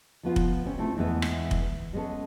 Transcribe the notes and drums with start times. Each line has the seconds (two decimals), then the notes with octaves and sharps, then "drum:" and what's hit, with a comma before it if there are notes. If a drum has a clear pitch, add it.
0.23 F3 B3 F4
0.36 drum: kick F1
0.65 C3 C4 C#4
0.78 C3 A3 C4 E4
0.97 E2 E3 G#3 B3 E5
1.22 drum: rim click
1.51 drum: kick F1
1.93 G3 G#3 B3 C#4 A4